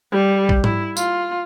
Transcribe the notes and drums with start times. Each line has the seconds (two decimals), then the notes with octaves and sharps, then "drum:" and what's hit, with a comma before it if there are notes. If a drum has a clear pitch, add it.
0.12 G3
0.49 drum: kick A1
0.64 E4, drum: tom G#2
0.97 F4, drum: tambourine